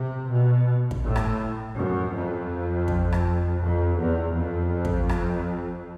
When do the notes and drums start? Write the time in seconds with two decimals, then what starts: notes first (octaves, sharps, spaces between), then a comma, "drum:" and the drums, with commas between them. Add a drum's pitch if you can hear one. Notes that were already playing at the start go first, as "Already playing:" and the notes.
Already playing: C3
0.30 B2
0.91 drum: kick
1.04 A2
1.16 drum: rim click
1.77 F#2
2.14 F2
2.88 drum: kick
3.13 drum: rim click
3.62 F2
3.99 E2
4.36 F2
4.85 drum: kick
5.09 drum: rim click